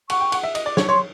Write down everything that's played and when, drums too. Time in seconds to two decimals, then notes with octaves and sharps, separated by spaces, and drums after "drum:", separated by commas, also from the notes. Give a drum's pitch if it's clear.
0.10 F#5 C#6, drum: cymbal
0.21 G5
0.32 F#5, drum: cymbal
0.43 E5
0.55 D#5, drum: cymbal
0.66 D5
0.77 C#5, drum: snare
0.89 C#5 C6